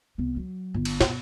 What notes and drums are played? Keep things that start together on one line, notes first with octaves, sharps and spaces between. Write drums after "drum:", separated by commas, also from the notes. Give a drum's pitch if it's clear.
C2 B3
F#3
G1
drum: cymbal
B2, drum: snare